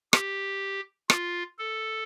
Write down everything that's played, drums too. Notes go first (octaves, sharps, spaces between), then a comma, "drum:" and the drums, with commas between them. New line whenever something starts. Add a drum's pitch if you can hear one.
G4, drum: rim click
F4, drum: rim click
A4